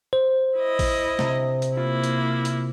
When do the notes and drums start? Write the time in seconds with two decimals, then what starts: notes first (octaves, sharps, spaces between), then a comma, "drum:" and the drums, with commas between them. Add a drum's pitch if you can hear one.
0.13 C5
0.58 E4 D#5
0.79 drum: kick A1, open hi-hat
1.19 C3, drum: snare
1.62 drum: hi-hat
1.77 A#3 E4 F4
2.04 drum: hi-hat
2.45 drum: hi-hat